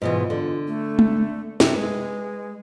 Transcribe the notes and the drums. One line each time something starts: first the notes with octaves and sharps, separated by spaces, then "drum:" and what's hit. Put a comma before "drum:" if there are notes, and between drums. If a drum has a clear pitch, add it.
G#2 B2 E3 F4
D3
A3
drum: tom G#3
C3, drum: snare
G#3 B4